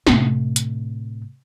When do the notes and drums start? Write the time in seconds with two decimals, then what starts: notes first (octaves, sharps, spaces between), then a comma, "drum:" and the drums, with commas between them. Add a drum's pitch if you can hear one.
0.07 A2 C3, drum: snare
0.56 drum: hi-hat